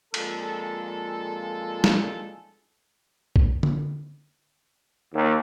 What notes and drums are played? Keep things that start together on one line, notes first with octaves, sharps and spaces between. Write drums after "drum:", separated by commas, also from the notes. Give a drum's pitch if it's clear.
F2 A#2 G#3 A4, drum: cymbal
drum: snare
drum: kick B1
drum: tom D3
D#2